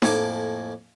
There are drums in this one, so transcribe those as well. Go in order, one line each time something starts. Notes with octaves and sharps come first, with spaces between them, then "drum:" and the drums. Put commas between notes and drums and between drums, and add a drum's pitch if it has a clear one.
F2 A2 F3 A#3 G#5 D6, drum: snare D#4